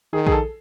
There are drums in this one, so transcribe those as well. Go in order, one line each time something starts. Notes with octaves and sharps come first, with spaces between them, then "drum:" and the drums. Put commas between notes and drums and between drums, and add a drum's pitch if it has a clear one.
D#3 G#4
G#4, drum: kick A#1
A4